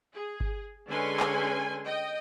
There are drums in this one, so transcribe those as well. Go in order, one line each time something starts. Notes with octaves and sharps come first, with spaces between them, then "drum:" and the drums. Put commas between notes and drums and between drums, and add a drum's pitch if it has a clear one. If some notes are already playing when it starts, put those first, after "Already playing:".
G#4
drum: kick G1
D3 G#3 C#4 B4 G#5 C6
drum: clap
D#5 G5